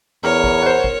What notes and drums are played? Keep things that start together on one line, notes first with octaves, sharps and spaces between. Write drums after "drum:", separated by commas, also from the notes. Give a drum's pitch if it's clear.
E2 A#4 C#5
drum: kick
C5 F#5
drum: kick